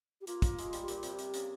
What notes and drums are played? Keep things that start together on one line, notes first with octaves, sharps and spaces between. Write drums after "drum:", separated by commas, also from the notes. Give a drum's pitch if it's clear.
G4
A#3 F4, drum: hi-hat
A#3, drum: kick, hi-hat
G#3, drum: hi-hat
G3, drum: hi-hat
A#2, drum: hi-hat
C3, drum: hi-hat
C3, drum: hi-hat
C#3, drum: hi-hat